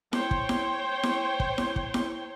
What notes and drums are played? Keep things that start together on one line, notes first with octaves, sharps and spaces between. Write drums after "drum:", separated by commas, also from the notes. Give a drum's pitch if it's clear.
C5 C#5 G5, drum: snare E4
drum: kick
drum: snare E4
drum: snare E4
drum: kick
drum: snare E4
drum: kick
drum: snare E4